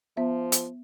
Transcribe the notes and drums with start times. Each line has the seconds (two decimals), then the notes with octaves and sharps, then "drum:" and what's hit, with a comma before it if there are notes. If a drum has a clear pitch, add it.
0.17 F3 B3 E5
0.52 drum: hi-hat